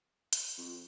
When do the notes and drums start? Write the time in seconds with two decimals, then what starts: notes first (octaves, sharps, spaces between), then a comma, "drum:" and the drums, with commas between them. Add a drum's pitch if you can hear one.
0.33 drum: hi-hat
0.58 F2